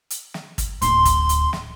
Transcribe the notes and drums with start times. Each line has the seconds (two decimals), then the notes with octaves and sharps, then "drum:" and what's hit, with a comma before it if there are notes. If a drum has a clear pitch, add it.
0.10 drum: hi-hat
0.34 drum: snare
0.58 drum: kick, hi-hat
0.82 D1 C6, drum: hi-hat
1.05 drum: kick, hi-hat
1.29 drum: hi-hat
1.53 drum: snare